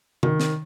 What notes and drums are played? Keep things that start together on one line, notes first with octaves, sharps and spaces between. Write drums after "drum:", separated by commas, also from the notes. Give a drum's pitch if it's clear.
D#3, drum: tom C3
drum: snare